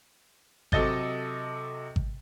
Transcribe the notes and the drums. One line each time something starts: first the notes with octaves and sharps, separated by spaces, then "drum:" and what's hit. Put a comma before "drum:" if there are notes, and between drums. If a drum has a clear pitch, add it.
C3 F#3 A4 D#5 A6 G7, drum: kick G#1
drum: kick G#1